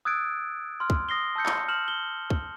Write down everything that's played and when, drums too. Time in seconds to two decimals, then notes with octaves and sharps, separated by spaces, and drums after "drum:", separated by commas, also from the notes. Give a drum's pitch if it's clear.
0.05 D#6 E6 F#6 G#6 A6 D7
0.80 C6 F6
0.90 drum: kick
1.09 D#6 A#6 C7 G7
1.36 A5 E6 G6 C#7
1.46 drum: clap
1.68 F6 E7 F#7
1.88 G7
2.30 drum: kick